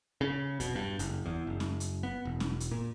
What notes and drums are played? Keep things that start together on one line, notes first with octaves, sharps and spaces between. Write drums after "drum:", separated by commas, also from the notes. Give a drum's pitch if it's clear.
C#3
B2, drum: kick E2, hi-hat
G2
F#1, drum: hi-hat
E2
F#1
drum: snare C#4
drum: hi-hat
B3
E1
drum: snare C#4
drum: hi-hat
A#2